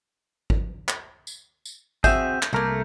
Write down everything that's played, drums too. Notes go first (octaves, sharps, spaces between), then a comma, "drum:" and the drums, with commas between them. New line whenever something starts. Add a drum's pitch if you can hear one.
drum: kick G#1
drum: clap
drum: tambourine
drum: tambourine
C4 F#4 G#4 E5 G6, drum: kick G#1, tambourine
drum: clap
C2 A3 A#3 A#4